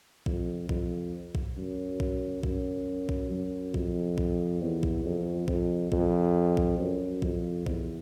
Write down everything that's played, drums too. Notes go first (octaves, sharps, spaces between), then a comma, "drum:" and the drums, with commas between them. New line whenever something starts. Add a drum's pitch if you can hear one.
F2, drum: kick
F2, drum: kick
drum: kick
F#2
drum: kick
F#2, drum: kick
drum: kick
F#2
F2, drum: kick
drum: kick
E2
drum: kick
F2
F2, drum: kick
F2, drum: kick
drum: kick
F#2
F2, drum: kick
E2, drum: kick